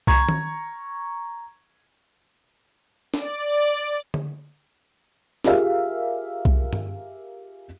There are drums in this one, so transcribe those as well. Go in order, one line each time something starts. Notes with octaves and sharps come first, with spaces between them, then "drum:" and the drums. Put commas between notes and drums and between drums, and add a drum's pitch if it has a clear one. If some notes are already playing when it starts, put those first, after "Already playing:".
A#5 C#6 G#6, drum: kick C2
drum: tom D#3
D5, drum: snare
drum: tom D3
F4 G4 G#4 A#4 E5 F5, drum: snare
drum: kick C2
drum: tom G2